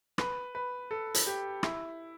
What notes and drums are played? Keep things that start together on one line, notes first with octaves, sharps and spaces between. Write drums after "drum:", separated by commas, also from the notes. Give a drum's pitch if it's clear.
B4, drum: rim click
B4
A4
drum: hi-hat
G4
E4, drum: rim click